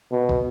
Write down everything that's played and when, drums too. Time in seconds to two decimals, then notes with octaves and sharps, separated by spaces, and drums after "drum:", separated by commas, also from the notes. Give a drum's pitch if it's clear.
0.11 B2
0.29 drum: kick